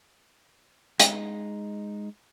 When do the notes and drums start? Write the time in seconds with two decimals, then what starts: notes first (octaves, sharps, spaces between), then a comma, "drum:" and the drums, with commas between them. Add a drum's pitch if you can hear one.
1.00 G#3 D#4, drum: hi-hat